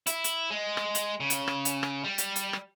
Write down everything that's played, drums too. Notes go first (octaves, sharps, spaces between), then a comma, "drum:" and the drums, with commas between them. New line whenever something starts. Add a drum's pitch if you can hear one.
E4, drum: hi-hat
drum: hi-hat
G#3
drum: rim click
drum: hi-hat
C#3
drum: hi-hat
drum: rim click
drum: hi-hat
drum: rim click
G3
drum: hi-hat
drum: hi-hat
drum: rim click